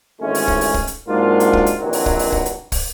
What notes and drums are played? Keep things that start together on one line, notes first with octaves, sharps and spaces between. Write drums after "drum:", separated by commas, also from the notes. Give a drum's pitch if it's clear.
G#1 E3 G#3 A3 C#4
drum: open hi-hat
drum: kick
drum: open hi-hat
drum: kick
drum: hi-hat
G#2 C3 F#3 A#3 D4 F4
drum: hi-hat
drum: kick
drum: hi-hat
A#1 G2 C3 D#3 E3 F#3
drum: open hi-hat
drum: kick
drum: open hi-hat
drum: kick
drum: hi-hat
drum: kick, open hi-hat